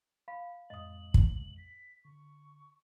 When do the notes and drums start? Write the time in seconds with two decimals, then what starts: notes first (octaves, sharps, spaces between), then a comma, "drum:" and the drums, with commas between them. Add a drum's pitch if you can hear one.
0.28 F5 B5
0.70 F2 A2 G#3 D#5 D#6 F#7
1.14 drum: kick
1.58 B6
2.05 D3 C#6